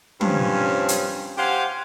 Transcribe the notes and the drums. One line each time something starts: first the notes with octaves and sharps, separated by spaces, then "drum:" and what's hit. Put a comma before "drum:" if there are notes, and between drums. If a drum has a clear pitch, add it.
G2 F3 C4 C#4, drum: tom
drum: hi-hat
G4 C5 F5 F#5 G#5